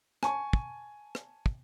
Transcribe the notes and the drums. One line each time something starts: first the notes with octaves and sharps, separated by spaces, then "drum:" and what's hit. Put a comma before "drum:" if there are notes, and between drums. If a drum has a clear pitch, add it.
G#5 A5 C#6, drum: rim click
drum: kick
drum: rim click
drum: kick